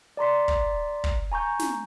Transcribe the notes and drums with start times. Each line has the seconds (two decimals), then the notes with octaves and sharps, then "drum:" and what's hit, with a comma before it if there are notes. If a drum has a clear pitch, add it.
0.17 D5 A#5 C6 B6
0.48 drum: kick
1.04 drum: kick
1.32 G#5 A#5 C#6 G6
1.59 drum: snare